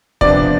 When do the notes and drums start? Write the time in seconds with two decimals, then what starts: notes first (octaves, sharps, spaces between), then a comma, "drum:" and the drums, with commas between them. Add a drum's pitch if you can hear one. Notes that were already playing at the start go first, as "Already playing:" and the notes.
0.21 C3 F3 B3 D4 D5, drum: kick